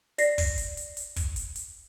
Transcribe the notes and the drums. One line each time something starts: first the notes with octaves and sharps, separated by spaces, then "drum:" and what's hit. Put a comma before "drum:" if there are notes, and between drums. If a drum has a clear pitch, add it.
D5 A#6 C7, drum: hi-hat
drum: kick, open hi-hat
drum: hi-hat
drum: hi-hat
drum: hi-hat
drum: kick, hi-hat
drum: hi-hat
drum: hi-hat